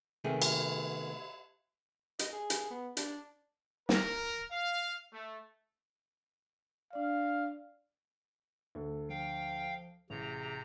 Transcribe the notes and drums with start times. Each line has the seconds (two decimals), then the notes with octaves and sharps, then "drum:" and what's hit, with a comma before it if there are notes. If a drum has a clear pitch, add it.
0.24 C3 D#3 A3 B3 G#4
0.42 drum: cymbal
2.19 D#5, drum: hi-hat
2.33 G#4
2.50 drum: hi-hat
2.70 B3
2.97 D4, drum: hi-hat
3.89 A#4, drum: snare
4.51 F5
5.13 A3
6.93 D4 D5 F5
8.75 D2 A4
9.10 F3 F5 G5
10.10 A1 C3 G#4 A#5